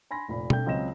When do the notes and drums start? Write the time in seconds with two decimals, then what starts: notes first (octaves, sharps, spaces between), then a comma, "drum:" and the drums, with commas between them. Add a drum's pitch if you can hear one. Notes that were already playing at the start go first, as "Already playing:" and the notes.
0.11 G#5 B5 C6 A#6
0.28 F1 A#2 B5
0.50 A3 D4 G5 G6, drum: tom B2
0.66 C#2 F#3 C4 D#5 A#6 E7